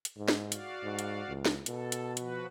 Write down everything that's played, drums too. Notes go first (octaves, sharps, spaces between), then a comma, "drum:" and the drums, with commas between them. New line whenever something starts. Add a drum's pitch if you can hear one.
drum: hi-hat
G#2
drum: snare
F#4 D5 F5, drum: hi-hat
G#2
drum: hi-hat
C#2
drum: snare
B2 A4, drum: hi-hat
drum: hi-hat
F3 F#4 B4, drum: hi-hat